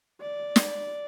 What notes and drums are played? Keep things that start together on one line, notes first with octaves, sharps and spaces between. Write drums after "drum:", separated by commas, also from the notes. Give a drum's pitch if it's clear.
D5
drum: snare